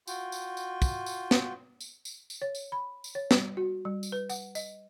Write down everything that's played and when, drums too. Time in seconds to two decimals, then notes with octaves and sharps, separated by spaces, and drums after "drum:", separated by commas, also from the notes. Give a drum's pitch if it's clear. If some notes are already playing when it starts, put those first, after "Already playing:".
0.08 F4 F#4 G5, drum: tambourine
0.32 drum: tambourine
0.57 drum: tambourine
0.82 drum: kick, tambourine
1.06 drum: tambourine
1.31 drum: snare
1.81 drum: tambourine
2.05 drum: tambourine
2.30 drum: tambourine
2.42 C#5
2.55 drum: tambourine
2.72 B5
3.04 drum: tambourine
3.15 C#5
3.31 G3, drum: snare
3.57 F#4
3.85 G3
4.03 drum: tambourine
4.12 B4
4.29 F#5, drum: tambourine
4.55 D#5, drum: tambourine